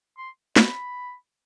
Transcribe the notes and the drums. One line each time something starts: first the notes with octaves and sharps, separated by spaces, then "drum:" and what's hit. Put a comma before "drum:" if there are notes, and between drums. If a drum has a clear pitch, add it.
C6
B5, drum: snare